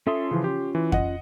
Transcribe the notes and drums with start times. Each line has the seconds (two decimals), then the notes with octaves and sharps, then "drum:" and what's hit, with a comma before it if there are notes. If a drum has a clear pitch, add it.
0.07 C#4 F4 A4 E5 C6 D#6
0.31 C#3 E3 F3
0.44 G4
0.75 E3
0.92 D#5 F#5, drum: kick F2